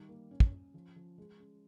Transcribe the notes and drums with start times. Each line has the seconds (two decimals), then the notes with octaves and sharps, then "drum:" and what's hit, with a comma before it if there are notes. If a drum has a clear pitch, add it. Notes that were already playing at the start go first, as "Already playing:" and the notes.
Already playing: D#3 G3
0.09 A#3
0.31 C#4
0.40 drum: kick
0.52 C#4
0.74 F3
0.96 F3
1.18 G#3
1.40 C#4